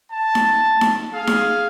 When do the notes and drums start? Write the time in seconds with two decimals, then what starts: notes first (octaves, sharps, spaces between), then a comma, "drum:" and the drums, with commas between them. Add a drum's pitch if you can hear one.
0.12 A5
0.35 drum: snare D#4
0.81 drum: snare D#4
1.13 G#4 F5
1.27 drum: snare D#4